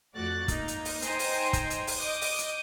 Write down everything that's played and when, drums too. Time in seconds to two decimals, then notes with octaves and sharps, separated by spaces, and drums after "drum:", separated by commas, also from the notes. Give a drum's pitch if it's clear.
0.15 F2 A3 F#4 D5 F#6 A6
0.48 A#3 D#4, drum: kick, hi-hat
0.68 drum: hi-hat
0.85 drum: open hi-hat
1.02 D#4 C5 D#5 G5 G#5 A#5, drum: hi-hat
1.19 drum: open hi-hat
1.53 drum: kick, hi-hat
1.70 drum: hi-hat
1.87 drum: open hi-hat
1.98 D#5 D6 D#6 G6
2.21 drum: open hi-hat
2.38 drum: hi-hat